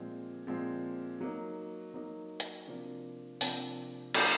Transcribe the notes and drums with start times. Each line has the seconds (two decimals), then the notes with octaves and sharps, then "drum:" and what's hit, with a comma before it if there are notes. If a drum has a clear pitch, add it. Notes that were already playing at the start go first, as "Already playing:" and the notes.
Already playing: A#2 F3 G#3 C4
0.47 A#2 F3 G#3 C4
1.20 F#3 A#3 D#4
1.94 F#3 A#3 D#4
2.40 drum: hi-hat
2.67 C3 F3 A#3 D4
3.41 C3 F3 A#3 D4, drum: open hi-hat
4.14 F#3 A#3 D4, drum: cymbal